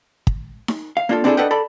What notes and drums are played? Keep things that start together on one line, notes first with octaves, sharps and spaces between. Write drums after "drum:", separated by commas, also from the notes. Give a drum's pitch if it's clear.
drum: kick
drum: snare D#4
F5
A#3 D4 F4 G#4 A4
C4 D4 E4 F#4 G#4 A4
D4 A4 B4 D#5 F#5 G5
A4 D5 B5